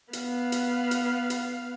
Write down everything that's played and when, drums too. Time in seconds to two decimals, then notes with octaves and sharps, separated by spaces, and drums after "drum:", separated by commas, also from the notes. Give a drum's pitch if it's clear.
0.13 B3 F5, drum: hi-hat
0.52 drum: hi-hat
0.91 drum: hi-hat
1.30 drum: hi-hat